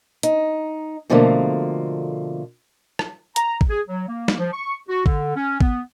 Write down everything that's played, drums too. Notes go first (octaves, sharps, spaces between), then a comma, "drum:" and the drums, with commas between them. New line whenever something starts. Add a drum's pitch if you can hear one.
D#4, drum: hi-hat
B2 D3 F3 G3 A3 A#3
drum: rim click
A#5, drum: hi-hat
drum: kick G#1
G#4
F#3
A#3
drum: snare
F3
C#6
F#4
D3, drum: kick G#1
C#4
B3, drum: kick G#1